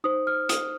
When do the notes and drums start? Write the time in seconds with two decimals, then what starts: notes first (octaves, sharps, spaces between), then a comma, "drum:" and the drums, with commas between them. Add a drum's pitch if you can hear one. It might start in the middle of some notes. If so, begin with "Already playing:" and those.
0.04 D#4 C5 D#6
0.27 F6
0.49 D#6, drum: hi-hat